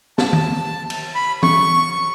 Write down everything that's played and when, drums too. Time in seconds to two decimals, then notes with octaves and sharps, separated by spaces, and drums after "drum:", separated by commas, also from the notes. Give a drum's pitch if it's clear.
0.18 A5, drum: snare
0.33 drum: tom
0.90 drum: cymbal
1.15 B5
1.43 C#6, drum: tom